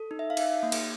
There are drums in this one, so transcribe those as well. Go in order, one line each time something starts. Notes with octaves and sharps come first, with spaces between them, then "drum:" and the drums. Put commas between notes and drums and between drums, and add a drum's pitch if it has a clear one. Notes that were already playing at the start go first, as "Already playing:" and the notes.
Already playing: A4
D#4
E5
F5
D#4 E5, drum: cymbal
A#3
drum: cymbal